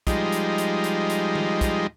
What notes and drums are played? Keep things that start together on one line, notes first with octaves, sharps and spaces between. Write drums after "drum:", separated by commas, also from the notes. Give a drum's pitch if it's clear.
F3 G3 G#3 D#4, drum: kick, hi-hat
drum: hi-hat
drum: hi-hat
drum: hi-hat
drum: hi-hat
drum: tom D#3
drum: kick, hi-hat